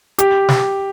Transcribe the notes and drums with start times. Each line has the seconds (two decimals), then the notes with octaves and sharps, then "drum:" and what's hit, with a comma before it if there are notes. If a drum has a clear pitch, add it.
0.19 G4, drum: hi-hat
0.48 drum: snare